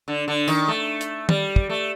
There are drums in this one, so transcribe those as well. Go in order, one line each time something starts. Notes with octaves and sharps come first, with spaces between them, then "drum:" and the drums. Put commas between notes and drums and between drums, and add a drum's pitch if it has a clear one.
D3
D3
D#3, drum: tambourine
A3
drum: hi-hat
G3, drum: tom
drum: kick
A3